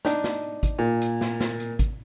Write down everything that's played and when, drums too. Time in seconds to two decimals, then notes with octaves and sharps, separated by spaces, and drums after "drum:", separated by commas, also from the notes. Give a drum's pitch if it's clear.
0.05 D4 D#4, drum: snare
0.24 drum: snare
0.63 drum: kick, hi-hat
0.79 A#2
1.02 drum: hi-hat
1.21 drum: snare
1.41 drum: snare
1.60 drum: hi-hat
1.79 drum: kick, hi-hat